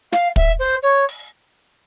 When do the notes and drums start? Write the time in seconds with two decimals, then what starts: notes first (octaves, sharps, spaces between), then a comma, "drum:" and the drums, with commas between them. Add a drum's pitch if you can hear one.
0.12 F5, drum: snare
0.36 E5, drum: kick
0.59 C5
0.83 C#5
1.09 drum: open hi-hat